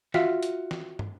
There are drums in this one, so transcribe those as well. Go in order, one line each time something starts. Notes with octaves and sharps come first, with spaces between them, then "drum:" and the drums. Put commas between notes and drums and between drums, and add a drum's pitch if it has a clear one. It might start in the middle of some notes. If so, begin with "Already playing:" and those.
F4 F#4 E5 F5, drum: snare
drum: hi-hat
drum: snare
drum: tom